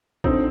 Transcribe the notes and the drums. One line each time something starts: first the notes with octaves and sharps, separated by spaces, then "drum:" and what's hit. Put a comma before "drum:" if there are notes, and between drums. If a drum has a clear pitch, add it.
D3 C4 D#4, drum: kick